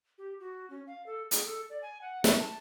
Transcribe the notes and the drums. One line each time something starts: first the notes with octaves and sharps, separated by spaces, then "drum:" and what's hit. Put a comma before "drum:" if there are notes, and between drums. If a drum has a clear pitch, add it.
G4
F#4
C#4
F5
A4
G#4, drum: hi-hat
A4
D5
G#5
F#5
C#4, drum: snare
A5